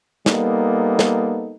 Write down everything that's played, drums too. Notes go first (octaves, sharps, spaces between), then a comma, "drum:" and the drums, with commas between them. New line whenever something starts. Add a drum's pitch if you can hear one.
G3 A#3 B3 D#4 A4, drum: snare
drum: snare